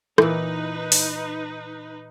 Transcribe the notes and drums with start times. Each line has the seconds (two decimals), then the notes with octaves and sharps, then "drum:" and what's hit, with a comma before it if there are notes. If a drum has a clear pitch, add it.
0.18 A#2 E3 D#4 E4 A#4 B4, drum: rim click
0.92 drum: open hi-hat